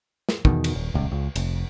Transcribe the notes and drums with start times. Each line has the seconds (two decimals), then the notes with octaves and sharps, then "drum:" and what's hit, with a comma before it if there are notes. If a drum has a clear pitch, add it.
0.29 drum: snare
0.45 E2 B2 D#3, drum: kick
0.64 drum: cymbal
0.75 D#1
0.94 D#1 C#2
1.12 C#2
1.36 F1, drum: cymbal